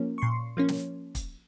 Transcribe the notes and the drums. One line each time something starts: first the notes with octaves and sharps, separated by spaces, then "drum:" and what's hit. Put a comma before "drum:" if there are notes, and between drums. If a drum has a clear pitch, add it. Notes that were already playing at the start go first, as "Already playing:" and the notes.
Already playing: F3 A#3 C#4
C#6
A#2 C6
F3 A#3 C#4
drum: snare
drum: kick, hi-hat